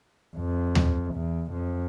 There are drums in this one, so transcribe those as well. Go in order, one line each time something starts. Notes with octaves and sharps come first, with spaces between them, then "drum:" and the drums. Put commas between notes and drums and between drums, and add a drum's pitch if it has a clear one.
F2
drum: tom D#2
E2
F2